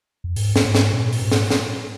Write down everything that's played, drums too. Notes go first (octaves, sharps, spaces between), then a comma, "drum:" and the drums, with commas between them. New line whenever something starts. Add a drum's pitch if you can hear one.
F2
G#2, drum: open hi-hat
drum: snare
G#2
drum: snare
A#2
drum: open hi-hat
G#2
drum: snare
drum: snare